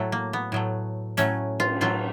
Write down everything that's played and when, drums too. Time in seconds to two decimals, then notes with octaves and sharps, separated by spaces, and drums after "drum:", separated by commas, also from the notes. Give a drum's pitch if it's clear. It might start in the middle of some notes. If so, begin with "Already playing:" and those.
Already playing: A2 F#3 A3
0.12 A#3
0.33 B3
0.52 A2 F#3 A3
1.17 A2 F#3 A3 C#4, drum: hi-hat
1.60 F4, drum: cymbal
1.81 A2 F#3 A3 F4